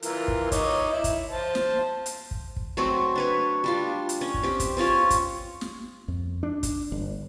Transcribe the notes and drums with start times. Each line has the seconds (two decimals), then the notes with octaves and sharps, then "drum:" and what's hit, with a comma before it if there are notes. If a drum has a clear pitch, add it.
0.02 E3 F4 A#4, drum: hi-hat
0.28 drum: kick
0.52 D#4 C#5 D6, drum: kick, hi-hat
0.91 E4
1.04 drum: kick, hi-hat
1.31 C5 A5
1.55 drum: snare
2.06 drum: hi-hat
2.31 drum: kick
2.56 drum: kick
2.77 F#3 A3 C4 F#4
3.15 D4 B4 C#5
3.64 G3 D4 F4
4.09 drum: hi-hat
4.21 C#4
4.34 drum: kick
4.43 C4 G4
4.60 drum: kick, hi-hat
4.77 C4 C#4 F4 C#5
5.10 drum: kick, hi-hat
5.61 drum: snare
6.08 F2
6.43 D4
6.63 drum: kick, hi-hat
6.92 G1